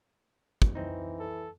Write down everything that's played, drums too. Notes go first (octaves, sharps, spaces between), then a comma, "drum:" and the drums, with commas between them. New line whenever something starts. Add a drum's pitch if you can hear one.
drum: kick
E3 C4 D#4
A4